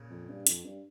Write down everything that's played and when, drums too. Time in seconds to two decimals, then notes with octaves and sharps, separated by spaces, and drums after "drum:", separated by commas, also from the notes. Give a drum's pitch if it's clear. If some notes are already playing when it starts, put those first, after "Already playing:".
Already playing: A#2 C#3
0.11 F2
0.28 G2
0.47 F2, drum: hi-hat
0.64 G2